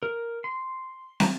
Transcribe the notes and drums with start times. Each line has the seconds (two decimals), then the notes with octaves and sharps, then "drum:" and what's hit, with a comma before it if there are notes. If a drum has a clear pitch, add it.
0.03 A#4
0.44 C6
1.20 drum: snare